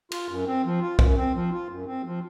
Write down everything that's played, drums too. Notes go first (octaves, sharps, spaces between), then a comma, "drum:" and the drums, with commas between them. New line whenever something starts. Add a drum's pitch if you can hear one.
F4, drum: cymbal
F#2
C4
F3
F4
F#2, drum: kick
C4
F3
F4
F#2
C4
F3